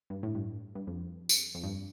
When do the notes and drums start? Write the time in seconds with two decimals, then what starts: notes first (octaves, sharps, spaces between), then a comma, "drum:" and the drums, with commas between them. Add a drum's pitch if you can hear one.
0.10 G2
0.23 A2
0.35 G2
0.75 G2
0.87 F2
1.29 drum: tambourine
1.55 F2
1.63 G2